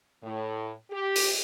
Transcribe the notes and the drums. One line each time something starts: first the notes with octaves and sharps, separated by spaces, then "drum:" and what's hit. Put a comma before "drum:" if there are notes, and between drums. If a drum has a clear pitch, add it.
A2
G4
drum: open hi-hat